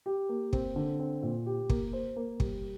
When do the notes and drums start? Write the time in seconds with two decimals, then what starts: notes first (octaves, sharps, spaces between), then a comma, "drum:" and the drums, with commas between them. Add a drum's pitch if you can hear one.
0.06 G4
0.29 A#3
0.53 C4, drum: kick
0.76 D3
0.99 C4
1.23 A#2
1.46 G4
1.70 A#3, drum: kick
1.93 C5
2.16 A#3
2.40 G3, drum: kick